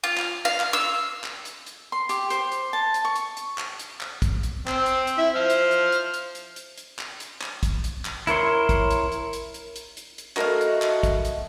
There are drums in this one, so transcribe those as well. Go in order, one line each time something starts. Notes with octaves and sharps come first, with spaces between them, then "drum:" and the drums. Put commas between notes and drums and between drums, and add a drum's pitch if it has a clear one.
F4
drum: clap
F5
drum: clap
E6
drum: clap
drum: hi-hat
drum: hi-hat
C6
G4, drum: hi-hat
C5, drum: hi-hat
drum: hi-hat
A5
drum: hi-hat
C#6
drum: hi-hat
drum: hi-hat
drum: clap
drum: hi-hat
drum: clap
drum: kick, hi-hat
drum: hi-hat
C4, drum: clap
drum: hi-hat
drum: hi-hat
E4 E5
C5 F6
drum: hi-hat
drum: hi-hat
drum: hi-hat
drum: hi-hat
drum: hi-hat
drum: hi-hat
drum: hi-hat
drum: clap
drum: hi-hat
drum: clap
drum: kick, hi-hat
drum: hi-hat
drum: clap
E4 A#4 C#5 C6, drum: hi-hat
drum: kick, hi-hat
drum: hi-hat
drum: hi-hat
drum: hi-hat
drum: hi-hat
drum: hi-hat
drum: hi-hat
drum: hi-hat
A3 E4 F#4 A#4 D#5 F5, drum: clap
drum: hi-hat
drum: clap
drum: kick, hi-hat
drum: hi-hat